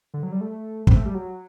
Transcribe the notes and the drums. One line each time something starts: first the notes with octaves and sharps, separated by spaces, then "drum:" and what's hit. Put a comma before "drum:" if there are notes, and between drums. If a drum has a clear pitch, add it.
D3
F#3
G3
A3
C4, drum: kick
A3
G3
F#3